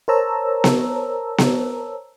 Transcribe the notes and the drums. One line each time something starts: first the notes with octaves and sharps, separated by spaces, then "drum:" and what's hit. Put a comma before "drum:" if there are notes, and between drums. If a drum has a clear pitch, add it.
A#4 C5 C#5 A5 A#5 E6
drum: snare B3
drum: snare B3